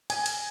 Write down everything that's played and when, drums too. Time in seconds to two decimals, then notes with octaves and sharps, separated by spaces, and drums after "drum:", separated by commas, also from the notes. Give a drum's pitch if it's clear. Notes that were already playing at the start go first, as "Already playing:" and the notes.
0.10 G#5, drum: cymbal
0.26 drum: cymbal